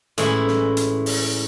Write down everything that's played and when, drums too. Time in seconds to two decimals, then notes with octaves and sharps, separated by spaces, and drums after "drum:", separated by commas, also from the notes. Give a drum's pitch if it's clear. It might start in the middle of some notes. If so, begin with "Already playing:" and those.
0.18 A2 E3 G#3 C#4 E4, drum: hi-hat
0.47 drum: snare
0.77 drum: hi-hat
1.06 drum: open hi-hat